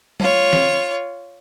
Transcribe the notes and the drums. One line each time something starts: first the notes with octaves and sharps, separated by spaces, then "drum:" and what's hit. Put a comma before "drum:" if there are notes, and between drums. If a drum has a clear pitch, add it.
F4 C#5, drum: tom F#3
drum: snare